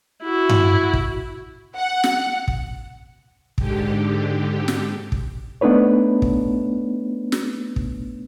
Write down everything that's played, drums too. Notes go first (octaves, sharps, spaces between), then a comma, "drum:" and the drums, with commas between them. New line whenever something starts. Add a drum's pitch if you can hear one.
E4 F#4
drum: tom G2
drum: kick
F#5
drum: snare
drum: kick
G#2 D3 G4, drum: kick
drum: snare
drum: kick
A3 B3 D4 D#4 B4 C#5
drum: kick
drum: snare
drum: kick